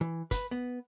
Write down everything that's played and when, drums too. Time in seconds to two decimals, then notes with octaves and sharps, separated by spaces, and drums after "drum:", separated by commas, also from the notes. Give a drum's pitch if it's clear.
0.01 E3
0.31 B4, drum: kick, hi-hat
0.51 B3